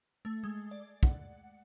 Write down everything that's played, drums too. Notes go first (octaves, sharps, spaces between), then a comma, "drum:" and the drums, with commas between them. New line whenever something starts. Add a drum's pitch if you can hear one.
A3
G#3
D5
F#5, drum: kick